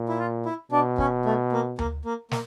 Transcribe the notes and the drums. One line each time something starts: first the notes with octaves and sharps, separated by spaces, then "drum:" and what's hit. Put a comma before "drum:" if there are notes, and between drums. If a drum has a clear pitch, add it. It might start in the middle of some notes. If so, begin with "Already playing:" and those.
Already playing: A#2
E4
F4
E4
B2 D4
C#4, drum: kick
A3
A#3
A#3, drum: tom D2
A#3
A#3, drum: snare